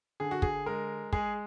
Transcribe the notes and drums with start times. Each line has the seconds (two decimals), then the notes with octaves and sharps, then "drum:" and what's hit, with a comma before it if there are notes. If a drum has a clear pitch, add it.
0.20 D3 G#4
0.31 F#4
0.42 G#4, drum: kick
0.66 G#3 A#4
1.13 G#3 G#4, drum: kick